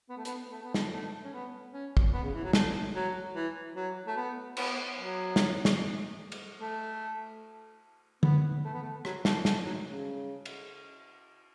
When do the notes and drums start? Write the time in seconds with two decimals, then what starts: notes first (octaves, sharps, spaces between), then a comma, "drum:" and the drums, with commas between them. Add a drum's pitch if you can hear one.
0.09 B3
0.17 A3
0.25 B3, drum: hi-hat
0.50 A3
0.63 B3
0.74 A3, drum: snare
0.91 A3
1.24 C#4
1.32 B3
1.73 C#4
1.97 drum: kick
2.13 B3
2.23 C#3
2.34 E3
2.43 F#3
2.53 A3, drum: snare
2.95 F#3
3.35 E3
3.75 F#3
4.07 A3
4.17 B3
4.57 B3, drum: cymbal
4.98 F#3
5.36 drum: snare
5.65 drum: snare
6.32 drum: cymbal
6.61 A3
8.23 B3, drum: tom
8.64 A3
8.73 B3
8.82 A3
9.05 F#3, drum: rim click
9.25 A3, drum: snare
9.45 A3, drum: snare
9.65 F#3
9.86 C#3
10.45 drum: cymbal